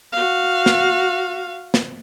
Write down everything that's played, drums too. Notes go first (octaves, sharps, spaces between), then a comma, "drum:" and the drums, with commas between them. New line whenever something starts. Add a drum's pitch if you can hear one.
F#4 F5
drum: snare
drum: snare